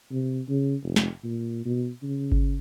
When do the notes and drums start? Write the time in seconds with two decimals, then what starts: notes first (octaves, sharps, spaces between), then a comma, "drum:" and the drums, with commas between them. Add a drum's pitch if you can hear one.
0.12 C3
0.49 C#3
0.83 F1
0.96 drum: snare
1.24 A#2
1.65 B2
2.03 C#3
2.32 drum: kick G1